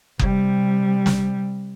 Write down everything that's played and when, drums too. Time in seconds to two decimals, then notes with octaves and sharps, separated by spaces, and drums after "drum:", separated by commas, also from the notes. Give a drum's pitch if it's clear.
0.19 C3 G3, drum: kick F#1
1.06 drum: snare